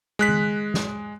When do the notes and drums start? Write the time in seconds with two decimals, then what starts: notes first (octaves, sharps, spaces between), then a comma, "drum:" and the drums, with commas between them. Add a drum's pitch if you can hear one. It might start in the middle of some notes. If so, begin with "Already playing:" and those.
0.19 G#3 F#6 B6
0.29 drum: tom D#3
0.74 drum: snare